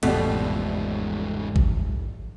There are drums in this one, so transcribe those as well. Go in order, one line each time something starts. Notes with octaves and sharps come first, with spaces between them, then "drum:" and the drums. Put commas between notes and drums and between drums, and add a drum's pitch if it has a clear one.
G#1 E2 G#2 B2 F3 G3 A3, drum: cymbal
drum: kick G#1